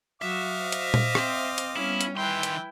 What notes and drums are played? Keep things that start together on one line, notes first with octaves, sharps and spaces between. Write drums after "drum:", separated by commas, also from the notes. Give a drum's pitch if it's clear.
F#3 F#4 E5 F5 D6 D#6
C5 D#5
drum: hi-hat
drum: tom A#2
C4, drum: rim click
drum: hi-hat
G3 B3 C#4 E4
drum: hi-hat
D#3 E3 E4 B4 G5 C6
drum: hi-hat